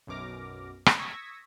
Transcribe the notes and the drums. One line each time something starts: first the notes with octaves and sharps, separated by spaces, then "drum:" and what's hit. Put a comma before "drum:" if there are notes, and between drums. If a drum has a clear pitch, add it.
B1 F#2 B2 D6 F6 A#6
drum: rim click
C#6 D#6 E6 G#6 A#6 B6